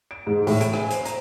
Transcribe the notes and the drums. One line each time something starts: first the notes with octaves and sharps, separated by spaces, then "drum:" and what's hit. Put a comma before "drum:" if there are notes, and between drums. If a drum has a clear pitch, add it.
D7
G#2
A2, drum: open hi-hat
D7, drum: hi-hat
G#5, drum: rim click
C5, drum: hi-hat
A#5, drum: hi-hat